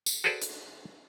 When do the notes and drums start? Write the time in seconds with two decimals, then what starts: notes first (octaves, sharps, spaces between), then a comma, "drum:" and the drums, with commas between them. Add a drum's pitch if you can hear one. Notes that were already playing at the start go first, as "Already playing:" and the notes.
0.06 drum: tambourine
0.24 F#4 G#4 A4 B4 C5 D5
0.42 drum: hi-hat